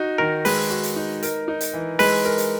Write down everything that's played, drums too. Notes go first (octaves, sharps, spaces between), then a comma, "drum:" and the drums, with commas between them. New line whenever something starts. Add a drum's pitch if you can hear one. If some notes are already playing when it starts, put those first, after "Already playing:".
Already playing: D#4 F#4
D#3 A#4
G#3 B4, drum: open hi-hat
F#4
drum: hi-hat
D#4
A#4, drum: hi-hat
D#4
drum: hi-hat
E3
G#3 B4, drum: open hi-hat
A#4
drum: hi-hat